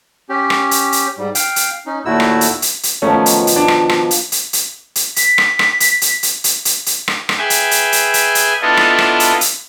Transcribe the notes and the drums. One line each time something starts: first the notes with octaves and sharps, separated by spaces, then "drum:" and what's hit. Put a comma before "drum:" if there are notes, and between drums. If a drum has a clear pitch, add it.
C#4 G4
drum: rim click
drum: hi-hat
drum: hi-hat
G#2 G3
F5 G5, drum: hi-hat
drum: hi-hat
C#4 D#4
D#2 A#2 A3 E4 F#4 E6
drum: rim click
drum: hi-hat
drum: hi-hat
drum: hi-hat
B2 D#3 F3 A3 C#4
drum: hi-hat
drum: hi-hat
D4
drum: rim click
drum: rim click
drum: hi-hat
drum: hi-hat
drum: hi-hat
drum: hi-hat
B6, drum: hi-hat
drum: rim click
drum: rim click
drum: hi-hat
drum: hi-hat
drum: hi-hat
drum: hi-hat
drum: hi-hat
drum: hi-hat
drum: rim click
drum: rim click
G#4 B4 E5 G5 G#5
drum: hi-hat
drum: hi-hat
drum: hi-hat
drum: hi-hat
drum: hi-hat
B3 D4 E4 F4 A4 D#5
drum: rim click
drum: rim click
drum: hi-hat
drum: hi-hat